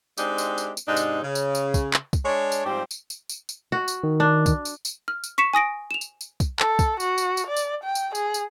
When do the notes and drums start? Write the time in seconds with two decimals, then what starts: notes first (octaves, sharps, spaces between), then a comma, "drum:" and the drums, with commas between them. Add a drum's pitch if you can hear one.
0.18 G#3 C4 D4 D#4 G4, drum: tambourine
0.38 drum: tambourine
0.58 drum: tambourine
0.77 drum: tambourine
0.87 G#2 C3 D4 D#4
0.97 drum: tambourine
1.22 C#3
1.35 drum: tambourine
1.55 drum: tambourine
1.74 drum: kick, tambourine
1.94 drum: clap
2.13 drum: kick, tambourine
2.25 G#3 D4 C#5
2.52 drum: tambourine
2.66 G#2 F3 G3 C4 G4
2.91 drum: tambourine
3.10 drum: tambourine
3.29 drum: tambourine
3.49 drum: tambourine
3.72 F#4
3.88 drum: tambourine
4.03 D#3
4.20 D4
4.46 drum: kick, tambourine
4.65 drum: tambourine
4.85 drum: tambourine
5.08 F6
5.24 drum: tambourine
5.38 C#6 B6 C#7 E7
5.53 G#5 D#6 A#6 D7
5.91 E7 F7
6.01 drum: tambourine
6.21 drum: tambourine
6.40 drum: kick, tambourine
6.59 A4, drum: clap
6.79 drum: kick, tambourine
7.00 F#4, drum: tambourine
7.18 drum: tambourine
7.37 drum: tambourine
7.47 D5
7.57 drum: tambourine
7.83 G5
7.95 drum: tambourine
8.15 G#4, drum: tambourine
8.34 drum: tambourine